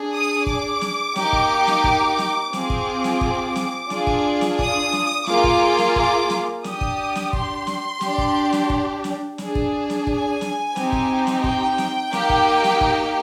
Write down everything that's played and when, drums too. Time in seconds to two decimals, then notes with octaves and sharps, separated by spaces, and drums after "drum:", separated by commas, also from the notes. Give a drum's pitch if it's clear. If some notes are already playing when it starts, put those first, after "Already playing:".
Already playing: D4 G#4
0.13 D#6
0.47 D6, drum: kick
0.81 drum: snare
1.16 A#3 D#4 G4, drum: snare
1.33 drum: kick
1.67 drum: snare
1.84 drum: kick
2.18 drum: snare
2.53 C4 F4 G#4 D6, drum: snare
2.70 drum: kick
3.04 drum: snare
3.21 drum: kick
3.56 drum: snare
3.90 D4 F4 G#4, drum: snare
4.07 drum: kick
4.41 drum: snare
4.59 D#6, drum: kick
4.93 drum: snare
5.26 A#3 F4 G#4 D6, drum: snare
5.44 drum: kick
5.78 drum: snare
5.96 D6, drum: kick
6.30 drum: snare
6.64 D4 G4 D#6, drum: snare
6.81 drum: kick
7.15 drum: snare
7.33 C6, drum: kick
7.67 drum: snare
8.01 D4 G4, drum: snare
8.18 drum: kick
8.53 drum: snare
8.70 drum: kick
9.04 drum: snare
9.38 D4 G#4, drum: snare
9.55 drum: kick
9.90 drum: snare
10.07 G#5, drum: kick
10.41 drum: snare
10.76 C4 D#4 G4, drum: snare
10.92 drum: kick
11.27 drum: snare
11.44 G5, drum: kick
11.78 drum: snare
12.13 A#3 D#4 G4, drum: snare
12.30 drum: kick
12.64 drum: snare
12.81 drum: kick